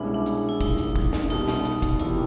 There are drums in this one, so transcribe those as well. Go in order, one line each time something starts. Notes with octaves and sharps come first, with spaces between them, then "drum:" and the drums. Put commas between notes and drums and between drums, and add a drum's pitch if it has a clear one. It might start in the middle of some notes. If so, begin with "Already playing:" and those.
Already playing: C2 B2 G#3 C#4 D4 E4
D4
drum: hi-hat
E4
C2 A#2 F3 A#3 D#4, drum: kick, hi-hat
drum: hi-hat
drum: kick
drum: snare
C2 B2 G3 D#4, drum: hi-hat
drum: snare
drum: hi-hat
drum: kick, hi-hat
E2 C3 F3 A#3 E4, drum: hi-hat